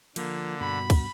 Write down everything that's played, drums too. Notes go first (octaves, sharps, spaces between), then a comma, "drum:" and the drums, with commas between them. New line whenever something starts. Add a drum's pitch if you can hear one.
D3 F3 A#3, drum: cymbal
G2 B2 F#4 B5
drum: kick, cymbal